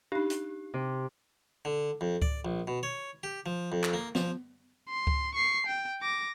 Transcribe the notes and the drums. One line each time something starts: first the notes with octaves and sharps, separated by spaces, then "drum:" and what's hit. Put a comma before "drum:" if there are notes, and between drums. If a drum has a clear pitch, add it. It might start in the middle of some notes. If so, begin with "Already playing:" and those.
D4 D#4 G4
drum: hi-hat
C3
D3
F2
D5, drum: kick C#2
A#1
B2
C#5
G4
F3
F2
drum: clap
A#3
F3, drum: snare
C6
drum: kick C#2
C#6 C7
G5
D6 A#6